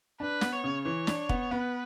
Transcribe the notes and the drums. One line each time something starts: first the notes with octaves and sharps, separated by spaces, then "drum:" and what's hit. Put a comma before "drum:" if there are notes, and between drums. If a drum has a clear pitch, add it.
D4 B4
B3, drum: snare
C#5
C#3
E3 C#5
D4, drum: snare
B3, drum: kick
B3 B4